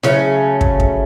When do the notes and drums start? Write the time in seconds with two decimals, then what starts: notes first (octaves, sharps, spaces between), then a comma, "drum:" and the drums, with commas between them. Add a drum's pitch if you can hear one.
0.03 C#3 F#3 A3 C#4, drum: snare E4
0.61 drum: kick
0.80 drum: kick